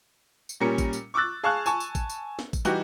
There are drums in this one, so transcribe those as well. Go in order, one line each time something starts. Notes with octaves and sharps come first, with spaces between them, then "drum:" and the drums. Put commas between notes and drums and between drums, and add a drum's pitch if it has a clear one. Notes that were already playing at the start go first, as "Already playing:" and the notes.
drum: tambourine
A#2 G3 C#4 A#4 C#7
drum: kick A1, tambourine
drum: tambourine
C#6 D6 E6 F#6 A6
G#4 F5 A5 C#6 F#6
G#5 A5 C#6, drum: tambourine
drum: tambourine
drum: kick A1, tambourine
drum: tambourine
drum: snare
drum: kick A1, tambourine
E3 G3 D#4 F#4 G4, drum: tambourine